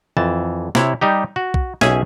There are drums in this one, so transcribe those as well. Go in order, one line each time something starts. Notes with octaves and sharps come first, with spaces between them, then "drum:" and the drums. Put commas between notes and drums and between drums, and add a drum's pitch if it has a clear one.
F2 E3 A5
C3 E4 C#5, drum: snare
G3 D#4 G4
F#4
drum: kick
B1 C#4 G#4 E5 G#5, drum: snare